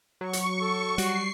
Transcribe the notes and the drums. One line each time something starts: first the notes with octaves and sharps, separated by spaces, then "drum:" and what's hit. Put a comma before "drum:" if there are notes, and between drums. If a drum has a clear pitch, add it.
F#3 C#6
drum: hi-hat
A4
G3 F#4 C7, drum: hi-hat